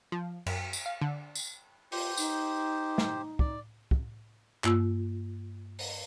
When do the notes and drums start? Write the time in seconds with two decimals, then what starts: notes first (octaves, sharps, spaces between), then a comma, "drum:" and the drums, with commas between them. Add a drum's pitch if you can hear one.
0.12 F3
0.46 F#2, drum: cymbal
0.73 drum: tambourine
0.86 F5
1.01 D3
1.35 drum: tambourine
1.92 F4 G4 C5, drum: open hi-hat
2.17 D#4, drum: tambourine
2.98 drum: snare
3.39 D5, drum: kick
3.91 drum: kick
4.64 G2 A#3 F4 E6, drum: clap
5.79 drum: open hi-hat